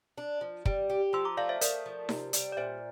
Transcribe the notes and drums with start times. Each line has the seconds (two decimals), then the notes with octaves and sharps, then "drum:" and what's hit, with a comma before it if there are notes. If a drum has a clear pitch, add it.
0.18 D4
0.41 F3
0.66 G3, drum: kick
0.90 G4
1.13 F3 C6 E6
1.25 A#5 D6
1.37 A3 D5 F5
1.49 C5 E5
1.61 A3 A#4 D5, drum: hi-hat
1.86 F3
2.09 C3, drum: snare D#4
2.33 G3, drum: hi-hat
2.52 D5
2.57 A#2 C5 E5